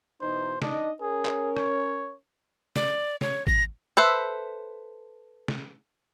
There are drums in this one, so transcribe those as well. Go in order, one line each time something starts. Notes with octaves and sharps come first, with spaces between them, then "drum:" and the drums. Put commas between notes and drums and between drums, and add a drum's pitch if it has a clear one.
B2 E3 D#4 C5
D4 D#4 D#5, drum: snare
C#4 G#4 A#4
drum: clap
C#5, drum: rim click
D5, drum: snare
C#5, drum: snare
A#6, drum: kick
A4 B4 C5 E5
drum: snare